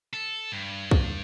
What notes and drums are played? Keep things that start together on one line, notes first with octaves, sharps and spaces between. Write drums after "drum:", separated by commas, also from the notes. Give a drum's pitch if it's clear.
A4
G2
drum: kick